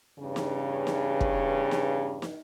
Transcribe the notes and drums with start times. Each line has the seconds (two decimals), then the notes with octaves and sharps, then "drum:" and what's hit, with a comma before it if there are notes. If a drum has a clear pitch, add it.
0.19 E2 G2 C#3
0.36 drum: snare
0.87 drum: snare
1.21 drum: kick
1.71 drum: snare
2.22 drum: snare